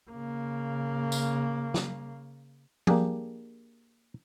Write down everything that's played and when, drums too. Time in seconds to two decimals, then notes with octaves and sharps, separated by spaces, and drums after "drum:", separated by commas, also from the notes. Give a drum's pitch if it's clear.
0.10 C#3 A#3
1.12 drum: tambourine
1.74 drum: snare
2.87 A#3 D4 G4 G#4, drum: tom